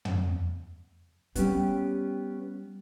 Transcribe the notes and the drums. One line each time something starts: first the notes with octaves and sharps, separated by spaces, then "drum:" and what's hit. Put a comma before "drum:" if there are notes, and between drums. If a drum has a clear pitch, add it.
drum: tom
G3 B3 C#4 G4, drum: hi-hat